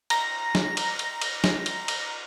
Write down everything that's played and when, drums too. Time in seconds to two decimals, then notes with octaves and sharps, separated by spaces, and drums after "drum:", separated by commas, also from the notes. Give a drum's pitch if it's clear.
0.10 A#5 A#6, drum: cymbal
0.55 drum: snare
0.77 drum: cymbal
0.99 drum: cymbal
1.21 drum: cymbal
1.44 drum: snare
1.66 drum: cymbal
1.88 drum: cymbal